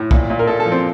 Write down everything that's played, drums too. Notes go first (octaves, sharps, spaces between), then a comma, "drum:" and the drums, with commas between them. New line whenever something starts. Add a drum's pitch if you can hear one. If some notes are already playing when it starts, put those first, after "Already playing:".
Already playing: A2
A#2, drum: kick
A#2
A#4
A#2 A4
A4
F3
C4